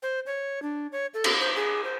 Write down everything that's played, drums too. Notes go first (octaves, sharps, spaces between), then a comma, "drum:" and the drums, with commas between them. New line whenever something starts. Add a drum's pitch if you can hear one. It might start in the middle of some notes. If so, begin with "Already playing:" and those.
C5
C#5
D4
C#5
A4
drum: cymbal
C5
G#4
C5